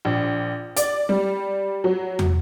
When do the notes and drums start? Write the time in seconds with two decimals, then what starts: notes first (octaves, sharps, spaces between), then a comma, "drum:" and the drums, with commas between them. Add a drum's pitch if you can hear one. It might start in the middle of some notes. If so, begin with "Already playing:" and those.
0.05 A#1
0.76 D5, drum: hi-hat
1.09 G3
1.84 F#3
2.19 drum: tom